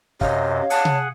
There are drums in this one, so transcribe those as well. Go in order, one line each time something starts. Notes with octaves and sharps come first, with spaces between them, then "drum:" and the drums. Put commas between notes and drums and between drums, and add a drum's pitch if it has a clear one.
F#2 C3 C#5 D#5 F5, drum: kick
G#4 F#5 A5, drum: hi-hat
drum: tom C3